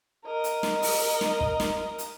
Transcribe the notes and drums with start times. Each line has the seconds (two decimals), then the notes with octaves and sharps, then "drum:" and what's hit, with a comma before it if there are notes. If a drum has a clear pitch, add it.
0.24 A#4 D#5
0.44 drum: hi-hat
0.63 drum: snare
0.82 drum: open hi-hat
1.21 drum: snare
1.40 drum: kick
1.60 drum: snare
1.98 drum: hi-hat